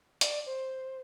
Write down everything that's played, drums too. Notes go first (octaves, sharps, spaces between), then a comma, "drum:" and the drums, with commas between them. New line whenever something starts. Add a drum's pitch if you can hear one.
D5, drum: hi-hat
C5